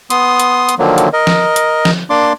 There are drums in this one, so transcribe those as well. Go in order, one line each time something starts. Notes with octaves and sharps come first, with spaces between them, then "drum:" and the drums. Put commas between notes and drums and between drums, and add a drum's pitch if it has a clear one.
B3 C6 D#6, drum: hi-hat
drum: hi-hat
drum: hi-hat
D3 D#3 F3 F#3 A#3
drum: hi-hat
A#4 D#5
drum: snare
drum: hi-hat
drum: snare
A#3 D4 D5 C6 D6